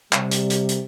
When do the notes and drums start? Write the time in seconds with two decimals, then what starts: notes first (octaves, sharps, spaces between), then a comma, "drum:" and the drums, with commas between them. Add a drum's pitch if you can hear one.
0.13 C3 G3, drum: clap
0.31 drum: hi-hat
0.50 drum: hi-hat
0.69 drum: hi-hat